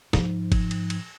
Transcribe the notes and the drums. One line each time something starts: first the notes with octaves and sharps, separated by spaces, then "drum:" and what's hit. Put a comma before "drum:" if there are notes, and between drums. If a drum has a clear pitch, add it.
G#2 F3, drum: snare
drum: kick G1, cymbal
drum: cymbal
drum: cymbal